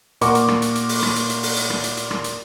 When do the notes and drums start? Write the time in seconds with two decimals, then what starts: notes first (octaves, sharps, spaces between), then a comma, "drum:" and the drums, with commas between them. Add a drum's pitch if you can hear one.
0.21 A#2 A#4 F#5 C#6 D6, drum: hi-hat
0.35 drum: hi-hat
0.48 drum: rim click
0.62 drum: hi-hat
0.75 drum: hi-hat
0.89 drum: open hi-hat
1.02 drum: rim click
1.16 drum: hi-hat
1.29 drum: hi-hat
1.43 drum: open hi-hat
1.57 drum: hi-hat
1.70 drum: rim click
1.84 drum: hi-hat
1.97 drum: hi-hat
2.11 drum: rim click
2.24 drum: hi-hat